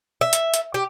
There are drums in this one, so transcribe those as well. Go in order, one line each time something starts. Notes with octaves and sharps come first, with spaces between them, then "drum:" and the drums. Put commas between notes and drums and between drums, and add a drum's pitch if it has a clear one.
E5
drum: hi-hat
drum: hi-hat
G4